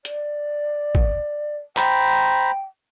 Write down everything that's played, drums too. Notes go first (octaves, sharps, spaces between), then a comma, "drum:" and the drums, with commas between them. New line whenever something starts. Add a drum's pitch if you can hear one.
D5, drum: hi-hat
drum: kick
C5 G5 A#5 B5, drum: clap